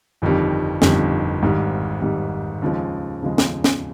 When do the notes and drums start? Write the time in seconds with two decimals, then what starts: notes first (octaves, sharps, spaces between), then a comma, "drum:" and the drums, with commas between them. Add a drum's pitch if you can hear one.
0.22 G1 F2 D#3 G3
0.82 G1 F2 D#3 G3, drum: snare
1.42 G#1 G#2 G3
2.01 G#1 G#2 G3
2.62 D#2 C#3 F3 G#3
3.21 D#2 C#3 F3 G#3
3.38 drum: snare
3.64 drum: snare